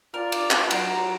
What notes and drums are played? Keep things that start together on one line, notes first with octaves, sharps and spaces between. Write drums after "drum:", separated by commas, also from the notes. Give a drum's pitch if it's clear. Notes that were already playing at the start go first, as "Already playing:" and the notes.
F4 A#4 D5
drum: cymbal
drum: clap
F#3 F#4 A#5 C6, drum: cymbal